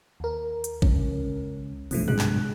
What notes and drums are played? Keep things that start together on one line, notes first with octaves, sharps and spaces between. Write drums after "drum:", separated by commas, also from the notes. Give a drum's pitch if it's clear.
D#2 A#4
drum: hi-hat
C#2 C#4, drum: kick A1
B1 G2 C3 F3 A3, drum: open hi-hat
C3 G#3 F#6, drum: tom
drum: clap